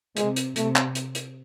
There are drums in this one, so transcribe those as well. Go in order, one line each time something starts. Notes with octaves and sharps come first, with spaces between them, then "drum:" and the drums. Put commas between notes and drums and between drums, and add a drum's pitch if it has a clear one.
C3 G#3, drum: hi-hat
drum: hi-hat
C3 A3, drum: hi-hat
drum: clap
drum: hi-hat
drum: hi-hat